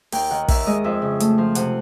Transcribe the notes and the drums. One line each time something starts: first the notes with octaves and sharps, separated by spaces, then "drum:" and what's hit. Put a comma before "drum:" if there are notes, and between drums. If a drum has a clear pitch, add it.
D#2 G5, drum: open hi-hat
D#3 F#5
D#2 E5, drum: kick, open hi-hat
G#3 D#5
F2 E5
C#3
A3, drum: hi-hat
F3
C3 F#5, drum: hi-hat